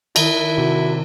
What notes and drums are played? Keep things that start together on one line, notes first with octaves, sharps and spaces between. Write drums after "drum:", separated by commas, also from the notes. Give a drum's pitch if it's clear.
D#3 E4, drum: cymbal
C3 F#4